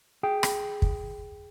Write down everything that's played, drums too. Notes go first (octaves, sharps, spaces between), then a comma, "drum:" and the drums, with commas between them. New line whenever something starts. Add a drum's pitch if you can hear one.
G#4 G5
drum: rim click
drum: kick